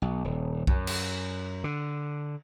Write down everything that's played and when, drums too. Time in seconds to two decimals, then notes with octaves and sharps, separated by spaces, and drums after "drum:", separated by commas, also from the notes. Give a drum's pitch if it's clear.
0.02 B1
0.24 D#1
0.67 F#2, drum: kick B1
0.87 drum: cymbal
1.64 D3